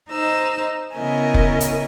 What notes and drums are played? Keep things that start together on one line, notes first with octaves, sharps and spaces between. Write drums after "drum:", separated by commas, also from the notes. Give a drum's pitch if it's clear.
D#4 C5 D#5 E6
C#3 B3 E4 A#4 D#5 G#5
drum: kick F1
drum: hi-hat